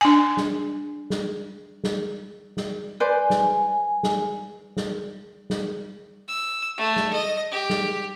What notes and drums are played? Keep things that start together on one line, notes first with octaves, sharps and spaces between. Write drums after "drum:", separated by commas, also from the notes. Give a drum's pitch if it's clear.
D4 G#5
drum: snare
drum: snare
drum: snare
drum: snare
B4 C5 D5 G#5
drum: snare
drum: snare
drum: snare
drum: snare
E6
A3
drum: snare
D#5
G4
drum: snare